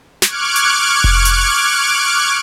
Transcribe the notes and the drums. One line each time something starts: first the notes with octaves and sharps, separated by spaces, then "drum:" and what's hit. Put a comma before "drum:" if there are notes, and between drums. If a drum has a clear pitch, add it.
C#6 D6 F6 F#6 G#6 D7, drum: snare
drum: hi-hat
drum: kick F1
drum: hi-hat